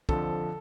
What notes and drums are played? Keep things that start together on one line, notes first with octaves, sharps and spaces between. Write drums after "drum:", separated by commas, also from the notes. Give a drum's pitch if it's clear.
F2 D3 F3 A4, drum: kick